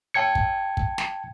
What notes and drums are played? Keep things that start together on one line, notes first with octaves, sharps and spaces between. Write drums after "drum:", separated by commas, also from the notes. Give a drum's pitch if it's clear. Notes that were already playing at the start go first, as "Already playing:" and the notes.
G5 A5 G#6 C#7
drum: kick
drum: kick
drum: snare